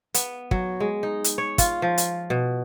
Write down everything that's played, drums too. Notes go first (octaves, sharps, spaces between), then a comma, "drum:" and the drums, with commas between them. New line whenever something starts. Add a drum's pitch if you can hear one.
B3, drum: hi-hat
F#3, drum: kick
G#3
D#4
drum: hi-hat
C#5
F4, drum: kick, hi-hat
F3
drum: hi-hat
B2